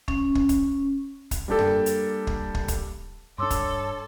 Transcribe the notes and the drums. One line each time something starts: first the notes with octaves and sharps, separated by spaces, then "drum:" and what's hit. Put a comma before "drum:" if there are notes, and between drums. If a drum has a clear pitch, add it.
C#4, drum: kick
drum: kick
drum: kick, hi-hat
drum: kick, hi-hat
G3 A#3 D4 G4 A4
drum: tom F#2
drum: hi-hat
drum: kick
drum: kick
drum: kick, hi-hat
G2 D4 A4 C#5 C6 D6 E6
drum: kick, hi-hat